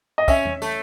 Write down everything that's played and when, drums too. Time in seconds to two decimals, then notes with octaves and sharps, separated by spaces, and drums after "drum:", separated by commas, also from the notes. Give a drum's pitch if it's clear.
0.18 D#5
0.28 C#4 E5, drum: kick, tambourine
0.45 drum: tom E2
0.62 A3, drum: tambourine